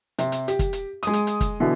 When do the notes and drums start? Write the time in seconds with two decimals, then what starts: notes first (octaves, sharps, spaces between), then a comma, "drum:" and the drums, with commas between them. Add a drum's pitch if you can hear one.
0.19 C3, drum: hi-hat
0.32 drum: hi-hat
0.48 G4, drum: hi-hat
0.59 drum: kick, hi-hat
0.73 drum: hi-hat
1.03 G#3 D#6, drum: hi-hat
1.13 drum: hi-hat
1.27 drum: hi-hat
1.41 drum: kick, hi-hat
1.60 B2 D3 E3